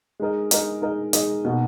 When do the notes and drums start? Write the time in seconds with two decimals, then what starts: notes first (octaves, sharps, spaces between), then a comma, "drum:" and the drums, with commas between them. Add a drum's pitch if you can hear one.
0.20 G#3 D#4 A#4 D#5
0.51 G#3 D#4 A#4 D#5, drum: hi-hat
0.82 G#3 D#4 A#4 D#5
1.13 G#3 D#4 A#4 D#5, drum: hi-hat
1.45 B2 A#3 D#4 F#4